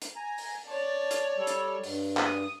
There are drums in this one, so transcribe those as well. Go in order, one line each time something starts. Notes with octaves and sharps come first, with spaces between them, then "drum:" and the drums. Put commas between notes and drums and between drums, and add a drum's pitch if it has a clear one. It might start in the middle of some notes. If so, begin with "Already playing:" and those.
drum: hi-hat
G#5 A#5
drum: open hi-hat
C#5 D5 A5
drum: hi-hat
G3 A4
drum: hi-hat
G2, drum: open hi-hat
D#6, drum: clap